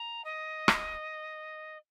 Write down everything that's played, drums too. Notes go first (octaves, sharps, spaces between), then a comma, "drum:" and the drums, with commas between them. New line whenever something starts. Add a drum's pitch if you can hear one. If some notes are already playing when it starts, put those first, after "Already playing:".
Already playing: A#5
D#5
drum: rim click